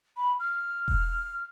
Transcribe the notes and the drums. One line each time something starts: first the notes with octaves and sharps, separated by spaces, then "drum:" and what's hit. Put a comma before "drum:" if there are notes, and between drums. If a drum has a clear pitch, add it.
B5
F6
drum: kick E1